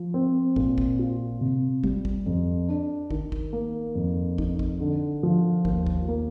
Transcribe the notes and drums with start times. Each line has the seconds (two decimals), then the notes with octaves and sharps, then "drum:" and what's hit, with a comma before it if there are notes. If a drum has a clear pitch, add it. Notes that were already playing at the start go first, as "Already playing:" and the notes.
Already playing: F3
0.14 C4
0.56 A#2, drum: kick
0.78 drum: kick
0.99 F4
1.41 C3
1.84 G3, drum: kick
2.05 drum: kick
2.26 F2
2.69 D4
3.11 D#3, drum: kick
3.32 drum: kick
3.53 A#3
3.95 F2
4.38 D#4, drum: kick
4.59 drum: kick
4.81 D3
5.23 F3
5.65 D#2, drum: kick
5.86 drum: kick
6.08 A#3